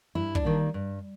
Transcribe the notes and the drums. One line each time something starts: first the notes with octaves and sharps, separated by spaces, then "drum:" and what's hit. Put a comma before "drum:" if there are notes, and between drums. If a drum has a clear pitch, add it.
G2 E4
D4, drum: kick
D#3 G3 A#3
G2